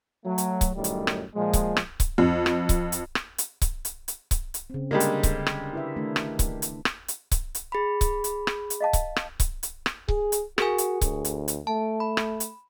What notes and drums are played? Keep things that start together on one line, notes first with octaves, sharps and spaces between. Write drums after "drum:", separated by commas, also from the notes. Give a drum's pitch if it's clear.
F#3 A3
drum: hi-hat
drum: kick C#1, hi-hat
F#2 A2 D#3 G3
drum: hi-hat
drum: rim click
A#2 F3 G#3
drum: kick C#1, hi-hat
drum: rim click
drum: kick C#1, hi-hat
F2
drum: rim click
drum: kick C#1, hi-hat
drum: hi-hat
drum: rim click
drum: hi-hat
drum: kick C#1, hi-hat
drum: hi-hat
drum: hi-hat
drum: kick C#1, hi-hat
drum: hi-hat
C#3 C4
D3 G3 G#3 A#3 A4
drum: hi-hat
drum: kick C#1, hi-hat
drum: rim click
E4 B4 E5
D#3 A3 D4
drum: rim click
drum: kick C#1, hi-hat
drum: hi-hat
drum: rim click
drum: hi-hat
drum: kick C#1, hi-hat
drum: hi-hat
G#4 B5
drum: kick C#1, hi-hat
drum: hi-hat
drum: rim click
drum: hi-hat
D#5 F5 A5
drum: kick C#1, hi-hat
drum: rim click
drum: kick C#1, hi-hat
drum: hi-hat
drum: rim click
G#4, drum: kick C#1
drum: hi-hat
F#4 G#4 A#4 G#5, drum: rim click
drum: hi-hat
D2, drum: kick C#1, hi-hat
drum: hi-hat
drum: hi-hat
A3 A5
B5
drum: rim click
drum: hi-hat